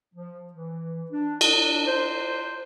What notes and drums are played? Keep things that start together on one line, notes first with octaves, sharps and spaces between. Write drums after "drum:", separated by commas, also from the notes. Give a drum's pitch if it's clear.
F3
E3
D4
D4, drum: cymbal
C5